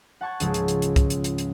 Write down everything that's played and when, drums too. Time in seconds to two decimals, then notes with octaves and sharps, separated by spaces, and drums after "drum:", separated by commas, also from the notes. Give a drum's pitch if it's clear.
0.21 F#5 A5 C#6 G#6
0.40 C#2 G#2 F3, drum: hi-hat
0.54 drum: hi-hat
0.68 drum: hi-hat
0.82 drum: hi-hat
0.96 drum: kick, hi-hat
1.10 drum: hi-hat
1.24 drum: hi-hat
1.38 drum: hi-hat